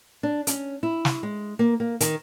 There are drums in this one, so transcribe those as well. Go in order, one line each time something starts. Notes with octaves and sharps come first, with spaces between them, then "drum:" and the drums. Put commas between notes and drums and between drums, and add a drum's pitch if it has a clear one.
D4
C#4, drum: hi-hat
E4
drum: snare
G#3
A#3
A#3
D#3, drum: hi-hat